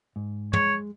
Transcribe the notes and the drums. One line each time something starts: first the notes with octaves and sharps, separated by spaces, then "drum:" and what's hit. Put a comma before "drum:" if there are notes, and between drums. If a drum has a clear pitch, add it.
G#2
G#3 C#5, drum: tom